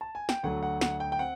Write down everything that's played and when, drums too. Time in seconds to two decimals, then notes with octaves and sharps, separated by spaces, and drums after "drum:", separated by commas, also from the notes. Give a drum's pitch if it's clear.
0.01 A5
0.15 G#5
0.29 G5, drum: snare
0.43 D2 D3 F#3 A3 F#5
0.63 F#5
0.81 F#5, drum: snare
1.00 G5
1.12 G5
1.19 C4 F#5